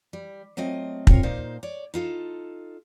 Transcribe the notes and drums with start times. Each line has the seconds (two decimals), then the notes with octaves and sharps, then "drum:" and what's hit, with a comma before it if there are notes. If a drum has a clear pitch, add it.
0.13 G3
0.57 F#3 A3 C4 F4 D#5
1.07 C4 F4 A#4 C#5, drum: kick
1.23 A#2 D#4 C5 F5
1.63 C#5 D5
1.94 D#4 F4 A4